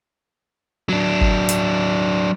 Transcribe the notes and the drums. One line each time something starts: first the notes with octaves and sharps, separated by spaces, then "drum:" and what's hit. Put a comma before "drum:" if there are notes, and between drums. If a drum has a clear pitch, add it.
F#3 D4
drum: kick G1
drum: hi-hat